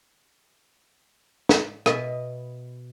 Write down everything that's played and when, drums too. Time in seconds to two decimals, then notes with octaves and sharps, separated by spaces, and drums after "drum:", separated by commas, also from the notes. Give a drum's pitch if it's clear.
1.49 drum: snare
1.86 B2 D#5 E5, drum: rim click